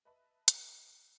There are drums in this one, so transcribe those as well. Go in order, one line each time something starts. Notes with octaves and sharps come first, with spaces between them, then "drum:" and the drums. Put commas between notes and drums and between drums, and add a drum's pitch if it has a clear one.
B4 D#5 E5 A5 B5
drum: hi-hat